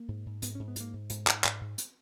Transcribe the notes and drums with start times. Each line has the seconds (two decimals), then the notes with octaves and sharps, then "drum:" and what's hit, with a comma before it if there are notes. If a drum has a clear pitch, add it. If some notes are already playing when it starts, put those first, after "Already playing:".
Already playing: A#3
0.08 G#2
0.26 G#2
0.42 G#2 B3, drum: hi-hat
0.55 G#2 C#4
0.68 B3
0.76 G#2 A#3, drum: hi-hat
0.93 G#2
1.10 G#2, drum: hi-hat
1.27 G#2, drum: clap
1.44 G#2, drum: clap
1.61 G#2
1.78 drum: hi-hat